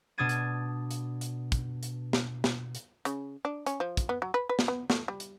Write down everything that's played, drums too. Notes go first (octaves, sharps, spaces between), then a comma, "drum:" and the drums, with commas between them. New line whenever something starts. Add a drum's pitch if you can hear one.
B2 D4 D#6 G#6 A6 D#7
drum: hi-hat
drum: hi-hat
drum: hi-hat
drum: kick, hi-hat
drum: hi-hat
drum: snare
drum: snare
drum: hi-hat
C#3, drum: hi-hat
D4
C#4, drum: hi-hat
F3
drum: kick, hi-hat
B3
F#3
B4
B4
drum: snare
B3
A3, drum: snare
G3
drum: hi-hat